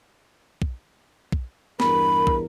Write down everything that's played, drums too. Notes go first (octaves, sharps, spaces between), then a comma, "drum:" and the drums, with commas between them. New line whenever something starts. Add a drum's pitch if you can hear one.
drum: kick
drum: kick
E2 G2 A#4 B5, drum: snare
drum: kick